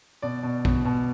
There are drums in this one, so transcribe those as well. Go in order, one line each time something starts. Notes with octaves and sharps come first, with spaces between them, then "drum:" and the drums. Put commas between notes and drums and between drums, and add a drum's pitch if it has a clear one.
B2 D5
B2
B2, drum: kick A#1
B2